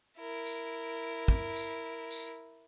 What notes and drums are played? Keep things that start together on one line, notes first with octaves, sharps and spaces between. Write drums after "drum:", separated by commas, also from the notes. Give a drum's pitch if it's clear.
E4 A#4
drum: tambourine
drum: kick
drum: tambourine
drum: tambourine